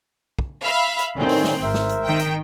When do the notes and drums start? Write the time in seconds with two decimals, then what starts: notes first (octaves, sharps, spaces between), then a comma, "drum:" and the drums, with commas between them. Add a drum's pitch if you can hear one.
0.39 drum: kick
0.64 E5 F5 B5
0.99 drum: hi-hat
1.16 A2 D#3 G3 C4 C#4
1.29 drum: open hi-hat
1.44 drum: snare
1.63 G#1 A#4 C5 E5
1.74 drum: snare
1.89 drum: hi-hat
2.04 D#3 G5
2.19 drum: hi-hat